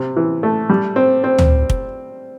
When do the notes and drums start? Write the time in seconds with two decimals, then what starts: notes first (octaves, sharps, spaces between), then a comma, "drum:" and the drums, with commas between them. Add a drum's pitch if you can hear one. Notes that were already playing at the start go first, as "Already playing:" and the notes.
Already playing: C3
0.17 E3
0.43 A3
0.69 G3
0.96 C4
1.24 C4
1.39 drum: tom
1.70 drum: kick